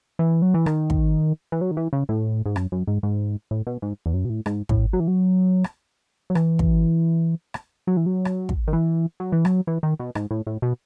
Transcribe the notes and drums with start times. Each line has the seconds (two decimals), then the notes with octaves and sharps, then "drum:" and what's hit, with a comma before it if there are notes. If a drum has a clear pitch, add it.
0.19 E3
0.42 F#3
0.54 E3
0.66 D#3, drum: rim click
0.90 drum: kick
1.52 E3
1.61 F#3
1.71 D#3
1.77 E3
1.93 C#3
2.09 A2
2.45 G#2
2.56 F#2, drum: rim click
2.72 F#2
2.87 G#2
3.03 G#2
3.51 A2
3.67 B2
3.82 G#2
4.06 E2
4.14 F#2
4.25 B2
4.30 A2
4.46 G#2, drum: rim click
4.69 A2, drum: kick
4.93 F#3
5.00 E3
5.08 F#3
5.64 drum: rim click
6.30 F#3
6.35 E3, drum: rim click
6.59 drum: kick
7.54 drum: rim click
7.87 F#3
7.97 E3
8.06 F#3
8.25 drum: rim click
8.49 drum: kick
8.68 D#3
8.73 E3
9.20 F#3
9.32 E3
9.45 F#3, drum: rim click
9.67 E3
9.83 D#3
9.99 B2
10.15 G#2, drum: rim click
10.31 A2
10.47 A2
10.62 B2